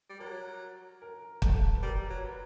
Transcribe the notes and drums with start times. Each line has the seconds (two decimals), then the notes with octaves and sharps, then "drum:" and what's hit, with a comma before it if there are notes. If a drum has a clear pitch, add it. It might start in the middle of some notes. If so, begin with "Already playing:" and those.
0.10 G3
0.19 F#3 A#4
1.02 A#4
1.42 A4, drum: kick
1.76 B4
1.83 G3 A#4
2.10 F#3
2.24 B4